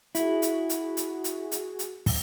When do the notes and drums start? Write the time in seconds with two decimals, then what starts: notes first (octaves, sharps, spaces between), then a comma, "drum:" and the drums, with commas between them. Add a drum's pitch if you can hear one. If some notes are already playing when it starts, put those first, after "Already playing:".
0.15 E4 F#4 G#4, drum: hi-hat
0.42 drum: hi-hat
0.69 drum: hi-hat
0.97 drum: hi-hat
1.24 drum: hi-hat
1.52 drum: hi-hat
1.79 drum: hi-hat
2.06 drum: kick, open hi-hat